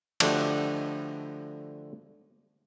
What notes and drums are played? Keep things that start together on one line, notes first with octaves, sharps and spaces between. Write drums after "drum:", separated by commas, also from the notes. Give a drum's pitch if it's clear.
D3 F3 A3 D4 F#4 G4, drum: cymbal